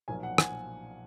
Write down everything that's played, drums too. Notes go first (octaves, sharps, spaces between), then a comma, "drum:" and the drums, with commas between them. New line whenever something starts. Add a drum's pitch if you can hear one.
B1 A#2 F3 A#3 G#5
F#5
G#5, drum: rim click